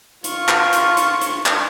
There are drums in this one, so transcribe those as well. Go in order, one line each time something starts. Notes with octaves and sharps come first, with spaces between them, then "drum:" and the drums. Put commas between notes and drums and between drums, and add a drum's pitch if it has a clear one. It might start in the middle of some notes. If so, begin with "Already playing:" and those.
F4 C#6, drum: hi-hat
drum: clap
drum: hi-hat
drum: hi-hat
drum: hi-hat
drum: clap